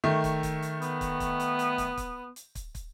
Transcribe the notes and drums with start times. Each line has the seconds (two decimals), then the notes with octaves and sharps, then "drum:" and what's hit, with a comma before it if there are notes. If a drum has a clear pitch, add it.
0.04 D#3 A3
0.24 drum: kick, hi-hat
0.43 drum: kick, hi-hat
0.62 drum: hi-hat
0.82 B3, drum: hi-hat
1.01 drum: kick, hi-hat
1.20 drum: kick, hi-hat
1.40 drum: hi-hat
1.59 drum: hi-hat
1.78 drum: kick, hi-hat
1.97 drum: kick, hi-hat
2.36 drum: hi-hat
2.55 drum: kick, hi-hat
2.75 drum: kick, hi-hat